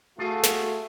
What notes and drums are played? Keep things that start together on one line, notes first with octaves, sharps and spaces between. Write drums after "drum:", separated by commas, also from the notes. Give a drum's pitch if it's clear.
A3 F4 F#4 G#4 F5
drum: snare